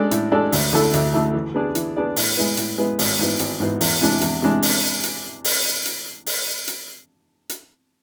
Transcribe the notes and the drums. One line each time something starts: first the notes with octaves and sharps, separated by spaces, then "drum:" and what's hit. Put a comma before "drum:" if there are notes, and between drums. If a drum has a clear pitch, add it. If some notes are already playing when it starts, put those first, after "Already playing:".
Already playing: G#3 D4 A4 D5
A2, drum: hi-hat
G#3 D4 A4 D5
D2, drum: open hi-hat
D3 A3 E4 A4
D2, drum: hi-hat
D3 A3 E4 A4
E3
B3 D4 G#4 D5
E3, drum: hi-hat
B3 D4 G#4 D5
A2, drum: open hi-hat
G#3 B3 E4 B4
A2, drum: hi-hat
G#3 B3 E4 B4
G#1, drum: open hi-hat
G#2 E3 B3
G#1, drum: hi-hat
G#2 E3 B3
E2, drum: open hi-hat
C3 E3 G#3 D4
E2, drum: hi-hat
C3 E3 G#3 D4
drum: open hi-hat
drum: hi-hat
drum: open hi-hat
drum: hi-hat
drum: open hi-hat
drum: hi-hat
drum: hi-hat